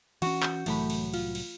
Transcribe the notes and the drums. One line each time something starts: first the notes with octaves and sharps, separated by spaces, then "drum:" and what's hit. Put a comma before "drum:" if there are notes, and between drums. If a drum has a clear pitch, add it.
E3 C#4 F#4, drum: cymbal
G6, drum: clap
C2 A2 E3 F#3 A3 B5, drum: cymbal
drum: cymbal
F4, drum: cymbal
drum: cymbal